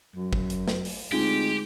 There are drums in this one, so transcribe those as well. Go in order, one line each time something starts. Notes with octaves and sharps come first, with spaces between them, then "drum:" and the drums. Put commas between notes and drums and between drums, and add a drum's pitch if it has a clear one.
F#2 F#3
drum: kick
drum: hi-hat
drum: snare
drum: open hi-hat
D2 G#3 C4 D#4 F4 G4